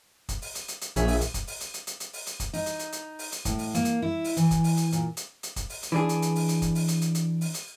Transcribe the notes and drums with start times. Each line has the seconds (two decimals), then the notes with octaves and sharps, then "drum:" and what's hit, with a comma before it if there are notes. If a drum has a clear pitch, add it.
0.29 drum: kick, hi-hat
0.42 drum: open hi-hat
0.55 drum: hi-hat
0.68 drum: hi-hat
0.81 drum: hi-hat
0.96 A#1 G#4 C#5 E5, drum: hi-hat
1.08 drum: open hi-hat
1.21 drum: hi-hat
1.34 drum: kick, hi-hat
1.47 drum: open hi-hat
1.61 drum: hi-hat
1.74 drum: hi-hat
1.87 drum: hi-hat
2.00 drum: hi-hat
2.13 drum: open hi-hat
2.26 drum: hi-hat
2.40 drum: kick, hi-hat
2.53 D#4, drum: open hi-hat
2.66 drum: hi-hat
2.79 drum: hi-hat
2.92 drum: hi-hat
3.19 drum: open hi-hat
3.32 drum: hi-hat
3.45 A2, drum: kick, hi-hat
3.58 drum: open hi-hat
3.75 A#3, drum: hi-hat
3.85 drum: hi-hat
4.02 E4
4.24 drum: open hi-hat
4.37 E3, drum: hi-hat
4.51 drum: kick, hi-hat
4.64 drum: open hi-hat
4.77 drum: hi-hat
4.92 A#2, drum: hi-hat
5.17 drum: hi-hat
5.43 drum: hi-hat
5.56 drum: kick, hi-hat
5.69 drum: open hi-hat
5.83 drum: hi-hat
5.92 E3 D4 G#4
6.09 drum: hi-hat
6.22 drum: hi-hat
6.35 drum: open hi-hat
6.49 drum: hi-hat
6.62 drum: kick, hi-hat
6.75 drum: open hi-hat
6.88 drum: hi-hat
7.01 drum: hi-hat
7.15 drum: hi-hat
7.41 drum: open hi-hat
7.54 drum: hi-hat